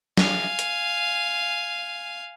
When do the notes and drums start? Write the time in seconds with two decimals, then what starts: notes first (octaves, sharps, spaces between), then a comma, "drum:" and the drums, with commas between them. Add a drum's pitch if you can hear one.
0.17 F5 G#5, drum: snare
0.59 drum: hi-hat